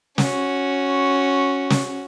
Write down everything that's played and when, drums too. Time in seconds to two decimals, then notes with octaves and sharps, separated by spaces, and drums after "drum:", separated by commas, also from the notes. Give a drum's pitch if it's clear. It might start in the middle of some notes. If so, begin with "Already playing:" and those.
0.18 C#4 F#4, drum: snare
1.70 drum: snare